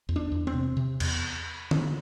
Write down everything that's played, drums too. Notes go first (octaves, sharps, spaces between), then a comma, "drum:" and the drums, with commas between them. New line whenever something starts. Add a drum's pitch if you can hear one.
E2
D4
E2
C4
C3
C3
E2, drum: cymbal
drum: tom